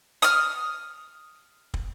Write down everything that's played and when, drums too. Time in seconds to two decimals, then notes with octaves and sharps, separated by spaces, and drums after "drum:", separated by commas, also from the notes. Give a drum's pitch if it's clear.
0.22 D#6 F6, drum: hi-hat
1.74 drum: kick